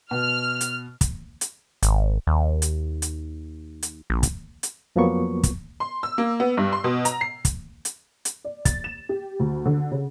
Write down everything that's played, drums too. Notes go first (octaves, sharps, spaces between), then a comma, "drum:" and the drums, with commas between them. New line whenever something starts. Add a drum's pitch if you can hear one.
B2 F6
drum: hi-hat
drum: kick, hi-hat
drum: hi-hat
G#1, drum: hi-hat
D#2
drum: hi-hat
drum: hi-hat
drum: hi-hat
A#1
drum: kick, hi-hat
drum: hi-hat
F2 F3 F#3 A#3 B3 C#6
drum: kick, hi-hat
C6
E6
A#3
B3
G2
C6
B2
A#5, drum: hi-hat
C7
drum: kick, hi-hat
drum: hi-hat
drum: hi-hat
D5
A6, drum: kick, hi-hat
E7
G4
D2
D3
C#3